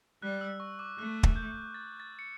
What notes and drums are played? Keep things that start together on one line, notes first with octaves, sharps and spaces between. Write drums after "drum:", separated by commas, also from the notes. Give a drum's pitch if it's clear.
G3 F#6
E6
C#6
D6
A3 F#6
drum: kick
G6
A6
A6
C#7